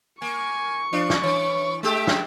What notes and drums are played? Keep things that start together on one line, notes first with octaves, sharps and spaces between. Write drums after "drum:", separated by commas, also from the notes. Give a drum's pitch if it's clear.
A#3 G#5 C#6
F3 D4
drum: snare
E3 C#5
G#3 A3 G4 E5
drum: snare